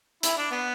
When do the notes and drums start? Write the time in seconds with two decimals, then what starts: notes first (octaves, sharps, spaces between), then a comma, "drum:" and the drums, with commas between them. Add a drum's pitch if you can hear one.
0.23 E4, drum: hi-hat
0.37 D4
0.52 B3